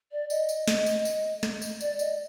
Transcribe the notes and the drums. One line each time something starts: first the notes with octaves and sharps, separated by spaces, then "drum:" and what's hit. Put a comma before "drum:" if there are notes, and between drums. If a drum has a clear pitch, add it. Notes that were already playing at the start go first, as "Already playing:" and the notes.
D5
D#5, drum: tambourine
drum: tambourine
drum: snare
drum: tambourine
drum: tambourine
drum: snare
drum: tambourine
D5, drum: tambourine
D#5, drum: tambourine